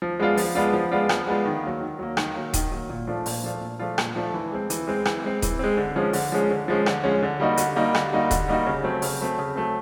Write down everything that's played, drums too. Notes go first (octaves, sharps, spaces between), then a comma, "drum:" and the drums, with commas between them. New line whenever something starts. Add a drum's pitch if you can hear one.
F3
G#3 B3 D4 F4
F3, drum: open hi-hat
G#3 B3 D4 F4
F3
G#3 B3 D4 F4
F3, drum: rim click
G#3 B3 D4 F4
D#3
F#3 A#3
D#3
F#3 A#3
D#3, drum: rim click
F#3 A#3
D#3, drum: kick D#1, hi-hat
F#3 A#3
A#2
F3 A3 D4 F4
A#2, drum: open hi-hat
F3 A3 D4 F4
A#2
F3 A3 D4 F4
A#2, drum: rim click
F3 A3 D4 F4
E3
G#3 C4
E3, drum: hi-hat
G#3 C4
E3, drum: rim click
G#3 C4
E3, drum: kick D#1, hi-hat
G#3 C4
D3
F3 G#3 C#4
D3, drum: open hi-hat
F3 G#3 C#4
D3
F3 G#3 C#4
D3, drum: rim click
F3 G#3 C#4
D3
G3 A#3 D#4 F#4
D3, drum: hi-hat
G3 A#3 D#4 F#4
D3, drum: rim click
G3 A#3 D#4 F#4
D3, drum: kick D#1, hi-hat
G3 A#3 D#4 F#4
C#3
F#3 A3 C4
C#3, drum: open hi-hat
F#3 A3 C4
C#3
F#3 A3 C4